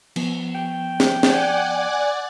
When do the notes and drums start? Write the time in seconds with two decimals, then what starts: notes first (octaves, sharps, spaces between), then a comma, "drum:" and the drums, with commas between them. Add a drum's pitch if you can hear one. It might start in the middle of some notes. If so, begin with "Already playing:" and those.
0.16 F3 B3, drum: cymbal
0.55 G5
1.00 drum: snare
1.23 D5 F#5 G#5, drum: snare